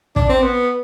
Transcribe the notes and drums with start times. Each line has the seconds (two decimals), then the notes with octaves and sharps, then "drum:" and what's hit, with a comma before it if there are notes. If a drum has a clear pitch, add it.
0.16 D4, drum: kick
0.29 C4
0.42 B3